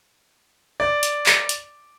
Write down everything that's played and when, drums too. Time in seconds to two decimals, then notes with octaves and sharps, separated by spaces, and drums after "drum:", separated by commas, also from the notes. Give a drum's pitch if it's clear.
0.80 D5
1.03 drum: hi-hat
1.26 drum: clap
1.49 drum: hi-hat